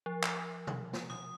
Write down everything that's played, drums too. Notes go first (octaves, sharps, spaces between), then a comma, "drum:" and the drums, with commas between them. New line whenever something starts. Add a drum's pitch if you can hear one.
F3
drum: clap
drum: tom B2
drum: snare
D#6, drum: tom B2